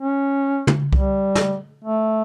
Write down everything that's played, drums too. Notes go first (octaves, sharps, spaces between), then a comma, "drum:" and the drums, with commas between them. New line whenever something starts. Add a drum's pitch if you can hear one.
C#4
drum: tom
G3, drum: kick C2
drum: snare
A3